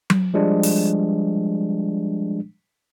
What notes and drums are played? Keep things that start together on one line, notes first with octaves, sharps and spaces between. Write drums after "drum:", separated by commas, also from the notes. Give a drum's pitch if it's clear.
drum: tom F#3
F3 G3 G#3 D4
drum: open hi-hat